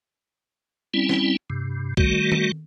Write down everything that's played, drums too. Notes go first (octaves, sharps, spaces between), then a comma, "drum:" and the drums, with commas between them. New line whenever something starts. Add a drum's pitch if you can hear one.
G3 C4 C#4 E4
drum: snare
G2 C3
D#3 G3 A3 F#4, drum: kick
drum: tom D#3